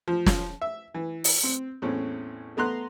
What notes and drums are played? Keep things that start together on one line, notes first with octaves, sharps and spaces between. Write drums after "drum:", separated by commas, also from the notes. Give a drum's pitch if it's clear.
F3
drum: snare
E5
E3
drum: open hi-hat
C4
E2 A2 C4 C#4
A3 B3 A#5 C6 F#6